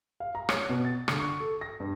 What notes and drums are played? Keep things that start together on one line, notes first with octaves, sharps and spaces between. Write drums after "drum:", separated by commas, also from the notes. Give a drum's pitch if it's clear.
F5
A#5
C#5, drum: rim click
B2
A6
D3, drum: rim click
C#6
A4
A#6
G2